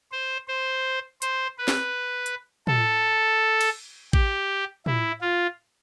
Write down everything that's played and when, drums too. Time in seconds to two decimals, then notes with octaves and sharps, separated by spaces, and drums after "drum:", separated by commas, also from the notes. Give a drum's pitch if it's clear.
0.12 C5
0.48 C5
1.22 C5, drum: hi-hat
1.58 B4
1.68 drum: snare
2.26 drum: hi-hat
2.67 A4, drum: tom
3.61 drum: cymbal
4.13 G4, drum: kick A1
4.86 E4, drum: tom
5.21 F4